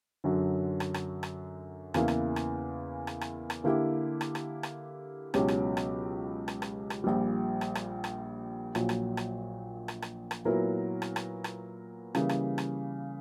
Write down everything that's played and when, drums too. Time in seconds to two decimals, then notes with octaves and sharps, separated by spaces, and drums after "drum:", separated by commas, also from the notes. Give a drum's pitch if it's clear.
0.24 F#2 D3 F#3
0.80 drum: rim click
0.94 drum: rim click
1.23 drum: rim click
1.94 E2 C#3 E3 A#3 E4, drum: rim click
2.08 drum: rim click
2.36 drum: rim click
3.07 drum: rim click
3.21 drum: rim click
3.50 drum: rim click
3.64 D3 A#3 E4 G4
4.21 drum: rim click
4.35 drum: rim click
4.63 drum: rim click
5.34 C#2 B2 F#3 C#4 G4, drum: rim click
5.48 drum: rim click
5.77 drum: rim click
6.48 drum: rim click
6.62 drum: rim click
6.90 drum: rim click
7.04 A#1 A#2 G3
7.61 drum: rim click
7.75 drum: rim click
8.04 drum: rim click
8.75 A#1 A#2 F#3, drum: rim click
8.89 drum: rim click
9.17 drum: rim click
9.88 drum: rim click
10.02 drum: rim click
10.31 drum: rim click
10.45 A#2 F#3 B3 E4 A#4
11.02 drum: rim click
11.16 drum: rim click
11.44 drum: rim click
12.15 C#3 E3 G3 A#3, drum: rim click
12.29 drum: rim click
12.58 drum: rim click